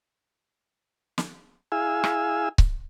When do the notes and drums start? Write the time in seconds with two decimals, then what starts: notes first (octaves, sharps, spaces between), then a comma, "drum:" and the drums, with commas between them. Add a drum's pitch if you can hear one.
1.18 drum: snare
1.72 E4 G#4 F5 G#5 E6
2.04 drum: rim click
2.58 drum: kick C#1